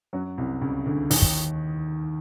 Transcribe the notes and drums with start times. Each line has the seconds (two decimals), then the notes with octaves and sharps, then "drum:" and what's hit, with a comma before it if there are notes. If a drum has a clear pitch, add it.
0.13 F#2 F#3
0.38 C2 C3
0.62 C#2 C#3
0.86 D2 D3
1.11 D#2 D#3, drum: open hi-hat
1.22 drum: kick